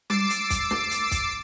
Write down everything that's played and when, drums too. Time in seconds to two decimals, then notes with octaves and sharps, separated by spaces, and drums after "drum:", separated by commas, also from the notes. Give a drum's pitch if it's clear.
0.10 D6 E6 A6 C7 D7, drum: tom G3
0.30 drum: hi-hat
0.50 drum: kick, hi-hat
0.71 drum: snare
0.91 drum: hi-hat
1.11 drum: kick, hi-hat